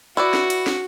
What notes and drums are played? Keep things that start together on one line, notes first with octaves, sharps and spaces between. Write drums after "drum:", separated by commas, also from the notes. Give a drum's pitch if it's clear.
E4 F#4 B4 D5
drum: snare
drum: cymbal
drum: snare